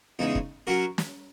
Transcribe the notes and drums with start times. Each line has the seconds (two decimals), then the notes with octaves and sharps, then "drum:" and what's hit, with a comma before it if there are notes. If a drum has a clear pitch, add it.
0.19 E2 C#3 G#3 D#4
0.35 drum: kick
0.67 F#3 C#4 F#4 A#4
0.98 drum: snare